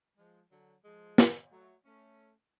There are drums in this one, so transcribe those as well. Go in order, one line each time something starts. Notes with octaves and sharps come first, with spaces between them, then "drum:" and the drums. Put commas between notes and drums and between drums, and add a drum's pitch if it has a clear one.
F3 G#3
D3 F#3
F3 G#3
drum: snare
F#3 A3
A3 C#4